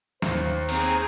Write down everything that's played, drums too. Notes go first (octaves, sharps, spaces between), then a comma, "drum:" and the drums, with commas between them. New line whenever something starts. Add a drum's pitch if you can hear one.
D#2 C5, drum: snare
C4 G#4 A#5, drum: open hi-hat